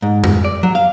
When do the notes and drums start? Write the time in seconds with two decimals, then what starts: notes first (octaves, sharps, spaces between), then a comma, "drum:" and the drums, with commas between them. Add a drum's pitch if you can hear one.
0.02 G#2
0.24 drum: tom F2
0.45 D5
0.63 F#3
0.75 F5